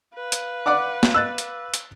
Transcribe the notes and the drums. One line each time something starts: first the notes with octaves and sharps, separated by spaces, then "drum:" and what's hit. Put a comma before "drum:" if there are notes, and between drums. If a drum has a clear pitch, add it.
B4 F5
drum: hi-hat
D5 F#5 D6
drum: snare
E6 F#6 A6
drum: hi-hat
drum: hi-hat